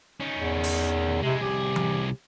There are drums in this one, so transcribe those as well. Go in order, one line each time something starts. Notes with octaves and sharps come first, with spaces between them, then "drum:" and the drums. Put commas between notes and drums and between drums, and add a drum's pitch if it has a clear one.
D#3 C#4
E2
drum: open hi-hat
C3 G#3 E4
C2 G4 G#4
drum: tom E3